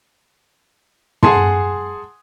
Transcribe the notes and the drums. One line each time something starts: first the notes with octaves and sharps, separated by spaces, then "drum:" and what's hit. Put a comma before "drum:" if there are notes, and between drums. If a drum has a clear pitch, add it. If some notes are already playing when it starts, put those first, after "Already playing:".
G#4 F#5 G#5 A5 C6, drum: tom